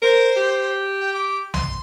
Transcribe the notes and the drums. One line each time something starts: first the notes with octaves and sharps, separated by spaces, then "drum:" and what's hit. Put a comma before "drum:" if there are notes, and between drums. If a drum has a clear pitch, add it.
A#4 C5
G4
G5
D6
C6, drum: tom B1